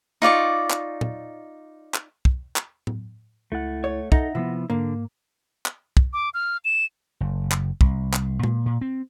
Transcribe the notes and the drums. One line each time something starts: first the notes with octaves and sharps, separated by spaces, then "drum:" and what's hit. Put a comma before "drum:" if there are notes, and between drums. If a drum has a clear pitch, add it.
D#4 F4 D5 C#6
drum: clap
drum: tom A#2
drum: clap
drum: kick
drum: clap
drum: tom A2
C#2 A3 E4 F#5 A6
C#5
D#4 A4 E5 F#5 A#6, drum: kick
C3 F3 B3 E4
G#2 D3 A#3
drum: clap
drum: kick
D6
F6
E7
F#1
drum: clap
C2, drum: kick
drum: clap
A#2, drum: tom G#3
A#2
C4